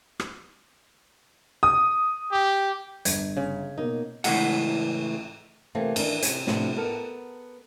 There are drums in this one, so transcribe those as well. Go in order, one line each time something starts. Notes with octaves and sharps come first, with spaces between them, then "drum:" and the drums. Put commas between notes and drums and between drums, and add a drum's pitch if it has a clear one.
drum: rim click
D#6
G4
G1 G#6, drum: hi-hat
C#3
B2 A#3 D#4
A2 C#3 E3 G#3 F#5, drum: cymbal
C3 E3 A3 A#3 C4
D#3 E3 G3 D4 D#4, drum: cymbal
C3 C#4, drum: hi-hat
A2 C3 F3 A#3 B3 D4, drum: snare
B3 A4 A#4